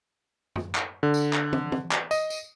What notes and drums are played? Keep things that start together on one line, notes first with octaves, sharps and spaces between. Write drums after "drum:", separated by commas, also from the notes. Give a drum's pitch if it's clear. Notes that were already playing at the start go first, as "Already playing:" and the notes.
drum: tom F#2
drum: clap
D3
drum: tambourine
drum: clap
drum: tom
drum: tom
drum: clap
D#5, drum: tambourine
drum: tambourine